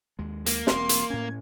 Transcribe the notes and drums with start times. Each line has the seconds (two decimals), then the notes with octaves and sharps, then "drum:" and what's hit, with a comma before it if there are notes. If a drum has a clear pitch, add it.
0.19 D#2 G#3
0.46 A#3, drum: hi-hat
0.67 E1 C4 C6, drum: snare
0.89 drum: hi-hat
1.10 A2 C#4 G#6